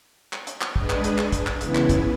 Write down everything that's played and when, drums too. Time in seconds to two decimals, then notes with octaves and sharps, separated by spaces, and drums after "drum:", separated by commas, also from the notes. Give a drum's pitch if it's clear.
0.33 drum: clap
0.47 drum: hi-hat
0.61 drum: clap
0.76 G#3 D4 G#4 B4, drum: kick
0.90 drum: clap
1.04 drum: hi-hat
1.18 drum: clap
1.32 drum: kick, hi-hat
1.47 drum: clap
1.61 C#3 E3 B3 E4, drum: hi-hat
1.75 drum: clap
1.89 drum: kick, hi-hat